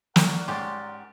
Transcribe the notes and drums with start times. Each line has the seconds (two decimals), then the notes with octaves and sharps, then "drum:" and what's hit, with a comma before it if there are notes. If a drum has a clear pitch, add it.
0.16 A#4 D5 F#5 A#5 C#6, drum: snare
0.48 G#2 C#4 G4 C6 A6